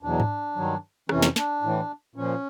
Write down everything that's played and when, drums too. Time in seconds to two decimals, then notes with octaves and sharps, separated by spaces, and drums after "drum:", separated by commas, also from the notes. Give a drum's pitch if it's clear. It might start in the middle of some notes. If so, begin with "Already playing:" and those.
0.03 E2 B2 F#3 D4
0.20 drum: tom G#2
0.56 G2 D#3 F#3
1.09 F2 C3 E3 C#4, drum: rim click
1.23 drum: snare
1.36 D4, drum: snare
1.62 A2 E3
2.16 A#2 F3 C#4